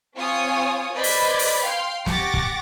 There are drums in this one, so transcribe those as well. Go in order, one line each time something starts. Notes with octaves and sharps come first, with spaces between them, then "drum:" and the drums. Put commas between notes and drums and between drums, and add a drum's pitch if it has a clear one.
C4 F4 C#5 G#5 C#6 D#6
B4 C5 D5 D#5 B5 G#6
drum: open hi-hat
drum: open hi-hat
F5 G5 C6
G4 F#5 C#6 D6 A6 A#6, drum: snare
drum: kick